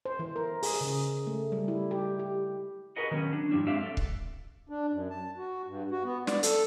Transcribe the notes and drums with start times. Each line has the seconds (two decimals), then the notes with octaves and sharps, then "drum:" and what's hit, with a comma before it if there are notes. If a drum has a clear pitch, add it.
0.05 C5
0.19 E3
0.36 A#4
0.63 G#4, drum: open hi-hat
0.81 C#3
1.27 A3
1.52 G3
1.68 E4
1.91 G4
2.19 G4
2.96 F#4 G#4 A#4 B4 D#5 F#5
3.11 D#3 F#3 B3 C#4
3.33 D4
3.51 G2 F3 G3 D4 E4
3.66 G#3 C4 F#4 D5 E5 F5
3.83 A4 D5
3.97 drum: kick C#1
4.69 D4
4.93 F#2
5.11 A5
5.38 F#4
5.67 G2
5.91 F#4
6.04 B3
6.27 D5, drum: snare
6.43 A4, drum: hi-hat